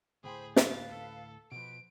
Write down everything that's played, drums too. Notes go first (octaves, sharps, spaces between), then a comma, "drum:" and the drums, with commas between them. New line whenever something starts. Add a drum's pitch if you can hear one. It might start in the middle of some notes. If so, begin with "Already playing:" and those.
D2 A2 G#4 C5 G5 B5
B4 F5 A6, drum: snare
A4
B2 F3 B4 D7